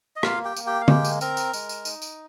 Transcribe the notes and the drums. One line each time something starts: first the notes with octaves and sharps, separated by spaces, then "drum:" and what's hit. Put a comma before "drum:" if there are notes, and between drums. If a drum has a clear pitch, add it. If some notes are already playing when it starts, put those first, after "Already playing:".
D#5
A#3 F4 F5, drum: rim click
G4 G5
A#3, drum: tambourine
G4 G5
F5
G#3 G4 G5, drum: tom
drum: tambourine
C4 A#4 A#5, drum: tambourine
drum: tambourine
G#3, drum: tambourine
drum: tambourine
D#4, drum: tambourine
drum: tambourine